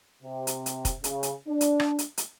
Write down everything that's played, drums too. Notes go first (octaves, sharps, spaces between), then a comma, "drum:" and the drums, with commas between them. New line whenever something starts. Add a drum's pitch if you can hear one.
C3
drum: hi-hat
drum: hi-hat
drum: kick, hi-hat
C#3, drum: hi-hat
drum: hi-hat
D4
drum: hi-hat
drum: rim click
drum: hi-hat
drum: hi-hat